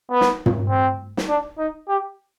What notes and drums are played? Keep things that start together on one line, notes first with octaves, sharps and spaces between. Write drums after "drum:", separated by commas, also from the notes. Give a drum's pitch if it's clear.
B3
drum: snare
drum: tom
C4
drum: snare
D4
D#4
G4